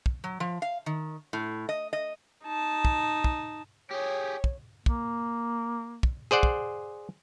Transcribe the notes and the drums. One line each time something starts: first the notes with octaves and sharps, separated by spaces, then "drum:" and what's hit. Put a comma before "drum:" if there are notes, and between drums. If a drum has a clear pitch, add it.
drum: kick
F#3
F3
F5
D#3
A2
D#5
D#5
D#4 A5
drum: kick
drum: kick
G4 G#4 C#5
drum: kick
A#3, drum: kick
drum: kick
G#4 C5 D5 F#5
drum: kick